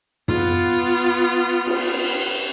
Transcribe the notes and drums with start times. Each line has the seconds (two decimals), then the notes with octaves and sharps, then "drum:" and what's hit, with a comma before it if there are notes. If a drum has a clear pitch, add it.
0.28 B3 F4, drum: tom
1.66 drum: cymbal